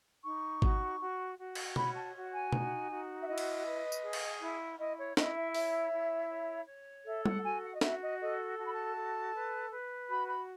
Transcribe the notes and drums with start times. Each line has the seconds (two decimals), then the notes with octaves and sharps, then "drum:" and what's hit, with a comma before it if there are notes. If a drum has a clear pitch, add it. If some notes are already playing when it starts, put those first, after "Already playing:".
0.24 D#4 C#6
0.62 F#4, drum: kick G#1
1.01 F#4
1.39 F#4
1.55 drum: cymbal
1.76 C#5 B5, drum: tom B2
1.95 A5
2.15 F#4
2.33 G#5
2.53 D#4, drum: tom
2.90 F#4
3.22 E5
3.27 E4 D#5
3.38 drum: cymbal
3.66 B4
3.92 drum: tambourine
4.03 G#4
4.13 drum: cymbal
4.42 E4
4.79 E4 D#5
4.98 C#5
5.17 E4 D#5, drum: snare
5.35 E5
5.55 C#5 E5, drum: open hi-hat
5.92 E4
6.30 C#5
6.68 C#5
7.06 A4 E5
7.26 F#5, drum: tom G3
7.44 F#4 G#5
7.63 F#5
7.73 D#5
7.81 F#4 E5, drum: snare
8.02 D#5
8.20 A4 D#5
8.58 F#4 A5
8.66 B5
8.73 A5
8.96 A4
9.34 B4
9.71 B4
10.09 F#4 B5
10.28 B5